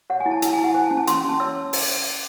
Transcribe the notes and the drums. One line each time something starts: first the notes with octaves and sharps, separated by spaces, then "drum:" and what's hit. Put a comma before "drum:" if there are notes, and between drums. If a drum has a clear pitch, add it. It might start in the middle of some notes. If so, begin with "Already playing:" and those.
C#5 F#5
G#5
E4
A5
E4 A5, drum: hi-hat
G#5
E4
F#5
C5 G#5
A5
C#4
A5
C#4 C6, drum: hi-hat
C#4
A5
C#5 E6
drum: open hi-hat